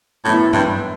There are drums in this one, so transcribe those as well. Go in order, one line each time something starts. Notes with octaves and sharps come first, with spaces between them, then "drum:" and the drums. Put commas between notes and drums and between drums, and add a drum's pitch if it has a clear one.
F#2 A2 E3 B3 E4
G2, drum: tom G2